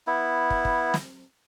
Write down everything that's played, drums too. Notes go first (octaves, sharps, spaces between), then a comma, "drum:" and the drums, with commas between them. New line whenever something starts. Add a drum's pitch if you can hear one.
B3 E4
drum: kick
drum: kick
drum: snare